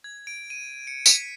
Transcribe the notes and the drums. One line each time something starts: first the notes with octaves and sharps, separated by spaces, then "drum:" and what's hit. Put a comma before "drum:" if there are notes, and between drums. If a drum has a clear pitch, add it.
G#6
D7
D#7
C#7
B6, drum: tambourine